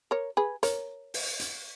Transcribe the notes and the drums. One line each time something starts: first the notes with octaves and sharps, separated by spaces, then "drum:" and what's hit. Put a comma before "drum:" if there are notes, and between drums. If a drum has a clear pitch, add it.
A#4 C#5
G#4 B4
A#4 C#5, drum: hi-hat
drum: open hi-hat
drum: hi-hat